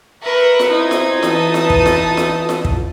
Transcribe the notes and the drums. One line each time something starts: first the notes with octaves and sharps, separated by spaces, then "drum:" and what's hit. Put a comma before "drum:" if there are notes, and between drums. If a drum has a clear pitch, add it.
A#4 B4 E5 C#6 F#6
drum: snare F4
C4 D#4 E4 G#6
drum: snare F4
E3 B4 A5 D#6, drum: snare F4
drum: snare F4
drum: kick
drum: snare F4
drum: snare F4
drum: snare F4
drum: kick